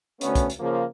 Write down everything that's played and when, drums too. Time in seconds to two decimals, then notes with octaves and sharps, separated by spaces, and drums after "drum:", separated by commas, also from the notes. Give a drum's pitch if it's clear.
0.21 D2 A3 B3 C#4, drum: hi-hat
0.35 drum: kick, hi-hat
0.50 drum: hi-hat
0.60 C#3 F3 A#3